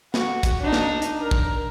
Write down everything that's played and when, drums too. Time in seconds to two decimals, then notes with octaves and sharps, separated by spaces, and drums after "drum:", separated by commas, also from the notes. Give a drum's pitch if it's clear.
0.14 F#4, drum: snare
0.43 drum: kick, hi-hat
0.61 D4 D#4
0.73 drum: snare
1.02 drum: hi-hat
1.18 A#4
1.31 drum: kick